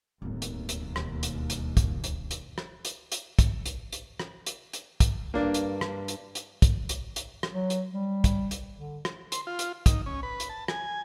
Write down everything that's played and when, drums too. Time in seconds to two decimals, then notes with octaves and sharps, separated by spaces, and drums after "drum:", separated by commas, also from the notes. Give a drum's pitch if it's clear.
0.22 D1 G1 D#2 B2 G3
0.42 drum: hi-hat
0.69 drum: hi-hat
0.96 drum: rim click
1.23 drum: hi-hat
1.50 drum: hi-hat
1.77 drum: kick, hi-hat
2.04 drum: hi-hat
2.31 drum: hi-hat
2.58 drum: rim click
2.85 drum: hi-hat
3.12 drum: hi-hat
3.39 drum: kick, hi-hat
3.66 drum: hi-hat
3.93 drum: hi-hat
4.19 drum: rim click
4.46 drum: hi-hat
4.73 drum: hi-hat
5.00 drum: kick, hi-hat
5.34 G2 A#3 D4
5.54 drum: hi-hat
5.81 drum: rim click
6.08 drum: hi-hat
6.35 drum: hi-hat
6.62 drum: kick, hi-hat
6.89 drum: hi-hat
7.16 drum: hi-hat
7.43 drum: rim click
7.53 F#3
7.70 drum: hi-hat
7.93 G3
8.24 drum: kick, hi-hat
8.51 drum: hi-hat
8.75 D3
9.05 drum: rim click
9.32 C6, drum: hi-hat
9.47 F4
9.59 drum: hi-hat
9.86 D#4, drum: kick, hi-hat
10.06 C#4
10.23 B4
10.40 drum: hi-hat
10.49 A5
10.68 G#5, drum: rim click